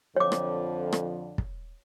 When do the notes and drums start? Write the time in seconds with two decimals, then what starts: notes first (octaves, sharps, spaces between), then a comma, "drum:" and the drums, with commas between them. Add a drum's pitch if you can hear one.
0.16 F2 D3 F3 C#5 D6
0.32 drum: rim click
0.93 drum: rim click
1.38 drum: kick